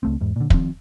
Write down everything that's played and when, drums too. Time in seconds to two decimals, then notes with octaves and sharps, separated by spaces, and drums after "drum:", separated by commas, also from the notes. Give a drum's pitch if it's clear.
0.03 C#2 A3 C4
0.21 E2 G#2
0.36 A#2 D3
0.50 D#3 F3 C4, drum: kick